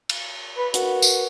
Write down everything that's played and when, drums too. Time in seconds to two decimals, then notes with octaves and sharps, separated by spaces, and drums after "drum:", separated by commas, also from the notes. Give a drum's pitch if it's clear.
0.09 drum: cymbal
0.57 B4
0.74 F#4 A#4 B4, drum: hi-hat
1.02 drum: tambourine